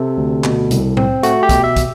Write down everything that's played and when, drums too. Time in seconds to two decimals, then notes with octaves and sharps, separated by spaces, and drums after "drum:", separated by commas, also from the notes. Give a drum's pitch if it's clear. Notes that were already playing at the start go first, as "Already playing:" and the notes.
Already playing: C3 A4
0.17 D2
0.44 B2, drum: clap
0.71 C2, drum: hi-hat
0.97 C4, drum: tom A2
1.23 A3 F#4, drum: hi-hat
1.43 G4
1.49 B2, drum: kick, hi-hat
1.64 E5
1.76 drum: kick, hi-hat